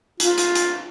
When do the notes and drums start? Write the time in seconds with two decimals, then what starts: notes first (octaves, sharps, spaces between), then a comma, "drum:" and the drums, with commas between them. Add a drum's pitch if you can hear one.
0.20 F4, drum: hi-hat
0.38 drum: hi-hat
0.55 drum: hi-hat